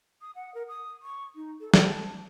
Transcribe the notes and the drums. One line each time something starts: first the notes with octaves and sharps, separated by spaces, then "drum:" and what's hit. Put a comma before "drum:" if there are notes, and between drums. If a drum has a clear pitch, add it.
D#6
F#5
A#4
D#6
C#6
D#4
A4
A5, drum: snare